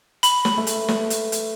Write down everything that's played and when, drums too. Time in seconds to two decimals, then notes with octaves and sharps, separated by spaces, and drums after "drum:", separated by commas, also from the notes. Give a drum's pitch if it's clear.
0.23 B5, drum: hi-hat
0.45 drum: snare
0.58 A3 B4
0.67 drum: hi-hat
0.88 drum: snare
1.10 drum: hi-hat
1.32 drum: hi-hat